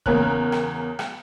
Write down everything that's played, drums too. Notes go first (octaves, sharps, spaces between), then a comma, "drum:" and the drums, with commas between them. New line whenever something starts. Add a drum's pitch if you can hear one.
E2 C#3 A#4 C#5 F#6, drum: kick
drum: rim click
drum: rim click